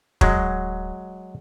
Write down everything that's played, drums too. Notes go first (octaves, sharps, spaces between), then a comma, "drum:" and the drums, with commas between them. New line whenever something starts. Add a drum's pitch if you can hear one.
D1 F#3 G#3, drum: kick